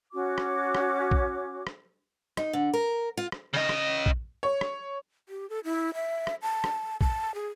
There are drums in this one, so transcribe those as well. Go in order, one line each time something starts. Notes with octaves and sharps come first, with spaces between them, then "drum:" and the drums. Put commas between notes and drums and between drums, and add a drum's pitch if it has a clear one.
C#4 F#4 D6
drum: rim click
drum: rim click
drum: kick A#1
drum: rim click
D#4, drum: rim click
D3
A#4
F4
drum: rim click
C#3 D#5
drum: rim click
drum: kick A#1
C#5
drum: rim click
G4
A4
E4
E5
drum: rim click
A5
drum: rim click
A5, drum: kick A#1
G#4